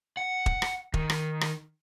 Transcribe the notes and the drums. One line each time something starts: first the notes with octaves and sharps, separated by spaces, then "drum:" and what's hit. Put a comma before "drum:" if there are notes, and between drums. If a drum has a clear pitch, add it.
F#5
drum: kick E1
drum: rim click
D#3, drum: kick E1
drum: rim click
drum: rim click